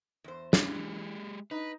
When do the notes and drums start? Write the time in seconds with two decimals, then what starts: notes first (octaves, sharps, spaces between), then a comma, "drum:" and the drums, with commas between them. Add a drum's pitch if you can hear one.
0.24 E2 C5
0.53 E3 G#3 G4 G#4, drum: snare
1.51 D#4 B4